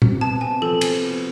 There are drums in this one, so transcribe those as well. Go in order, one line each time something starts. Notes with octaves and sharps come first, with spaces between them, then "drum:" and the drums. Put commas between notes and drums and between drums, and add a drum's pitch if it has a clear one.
C3, drum: tom A#2
B3 A5
C3 G#5
F3 A4
C3, drum: cymbal
B3